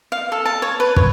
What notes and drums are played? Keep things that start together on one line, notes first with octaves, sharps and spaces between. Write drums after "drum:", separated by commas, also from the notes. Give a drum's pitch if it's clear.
F5
A4
A5
C#5
B4
C#5, drum: kick